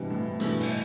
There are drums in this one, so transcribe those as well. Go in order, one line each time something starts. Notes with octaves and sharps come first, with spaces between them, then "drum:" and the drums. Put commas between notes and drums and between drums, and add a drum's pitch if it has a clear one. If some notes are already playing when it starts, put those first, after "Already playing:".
Already playing: G2 B2 E3 G3 C4
A2
G2 B2 E3 A3, drum: hi-hat
drum: open hi-hat